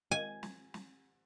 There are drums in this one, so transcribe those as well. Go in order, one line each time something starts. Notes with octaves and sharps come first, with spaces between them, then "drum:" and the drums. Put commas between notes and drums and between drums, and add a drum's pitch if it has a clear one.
G#5
drum: snare
drum: snare